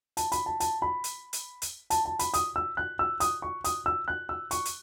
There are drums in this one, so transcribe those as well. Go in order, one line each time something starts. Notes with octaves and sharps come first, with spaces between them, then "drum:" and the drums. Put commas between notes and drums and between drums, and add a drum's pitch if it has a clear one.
A5, drum: hi-hat
B5, drum: hi-hat
A5
A5, drum: hi-hat
B5
drum: hi-hat
drum: hi-hat
drum: hi-hat
A5, drum: hi-hat
A5
B5, drum: hi-hat
D#6, drum: hi-hat
E6
F#6
E6
D#6, drum: hi-hat
C#6
D#6, drum: hi-hat
E6
F#6
E6
C#6, drum: hi-hat
drum: hi-hat